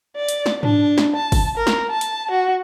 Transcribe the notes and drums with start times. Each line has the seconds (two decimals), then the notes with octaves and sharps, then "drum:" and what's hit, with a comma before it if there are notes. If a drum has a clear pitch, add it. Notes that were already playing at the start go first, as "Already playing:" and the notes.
0.16 D5
0.29 drum: hi-hat
0.46 drum: snare
0.63 D4, drum: tom G#2
0.98 drum: snare
1.16 A5
1.32 drum: kick, open hi-hat
1.57 A#4
1.67 drum: snare
1.90 A5
2.01 drum: hi-hat
2.31 F#4